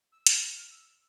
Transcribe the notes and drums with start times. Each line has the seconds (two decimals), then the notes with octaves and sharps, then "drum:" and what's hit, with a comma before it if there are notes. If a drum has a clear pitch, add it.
0.12 E6
0.27 F6, drum: hi-hat
0.56 F6
0.71 E6